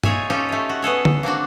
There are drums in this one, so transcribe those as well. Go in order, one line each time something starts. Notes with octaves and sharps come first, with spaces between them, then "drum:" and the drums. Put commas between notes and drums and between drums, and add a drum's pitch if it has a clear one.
D#4 F4 G#4 C#5 E5 G#5, drum: tom G2
C#4 D#4 F4 G4 A4
A3 C#5
F#4
B3 G#4 A4 C#5
drum: tom D3
A#3 C4 D4 F#4